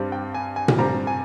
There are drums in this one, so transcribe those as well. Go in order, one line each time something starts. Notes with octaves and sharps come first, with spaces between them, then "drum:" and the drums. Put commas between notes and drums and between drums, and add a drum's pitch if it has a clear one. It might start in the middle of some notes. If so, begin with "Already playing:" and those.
Already playing: G2 G3 C4
G5
G#5
G#5
drum: tom A#2
G2 G3 C4 A#5
G#5